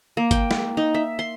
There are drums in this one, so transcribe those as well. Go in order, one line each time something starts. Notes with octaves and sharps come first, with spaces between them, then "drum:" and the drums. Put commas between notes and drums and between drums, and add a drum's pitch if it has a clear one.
A#3
G5, drum: kick, hi-hat
drum: snare
D#4
E5
C6